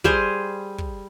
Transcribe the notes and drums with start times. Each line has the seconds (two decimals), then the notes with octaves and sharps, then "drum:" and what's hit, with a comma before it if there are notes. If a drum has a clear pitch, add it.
0.04 G3 G#4 C5, drum: kick
0.78 drum: kick